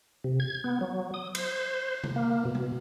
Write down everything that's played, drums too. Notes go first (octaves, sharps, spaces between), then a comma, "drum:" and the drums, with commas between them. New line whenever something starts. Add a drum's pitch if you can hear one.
C3
G#6
B3
F#3
D#6
C5, drum: cymbal
drum: tom C3
A#3
B2
drum: tom G#3